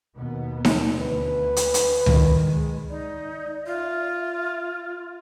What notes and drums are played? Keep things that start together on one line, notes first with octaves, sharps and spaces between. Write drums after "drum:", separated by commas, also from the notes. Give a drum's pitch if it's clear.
D#2 B2 B3
drum: snare D#4
D2 B4
drum: hi-hat
drum: hi-hat
D#3, drum: tom C#2
G#3
D#4 D5
F4 E5